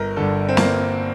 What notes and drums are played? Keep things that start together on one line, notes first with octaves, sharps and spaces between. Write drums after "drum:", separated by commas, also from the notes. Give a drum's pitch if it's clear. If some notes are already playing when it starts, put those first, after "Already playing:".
Already playing: G1 A#4
G2 D3 A4
C4
G1 A#3, drum: snare